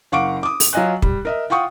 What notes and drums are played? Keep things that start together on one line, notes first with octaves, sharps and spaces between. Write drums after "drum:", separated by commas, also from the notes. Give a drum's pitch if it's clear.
F#1 F5 F#5 C#6 D6 D7
D6 D#6
drum: open hi-hat
F#3 F4 D#5 G#5 F#6
G3, drum: kick
A#4 D#5 E5
F4 F#5 G5 C#6 D#6